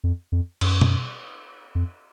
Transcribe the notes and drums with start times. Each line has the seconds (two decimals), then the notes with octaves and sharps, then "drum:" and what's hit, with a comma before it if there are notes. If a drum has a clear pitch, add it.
0.04 F2
0.32 F2
0.61 F#2, drum: cymbal
0.81 drum: tom B2
1.75 F2